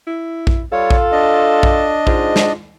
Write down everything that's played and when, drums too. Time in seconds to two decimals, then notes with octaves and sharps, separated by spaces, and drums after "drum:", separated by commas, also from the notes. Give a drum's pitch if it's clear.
0.07 E4
0.47 drum: kick A#1
0.72 G3 F4 A4 C#5
0.91 drum: kick A#1
1.12 D4 D#5
1.63 drum: kick A#1
2.07 G#2 F4, drum: kick A#1
2.36 drum: snare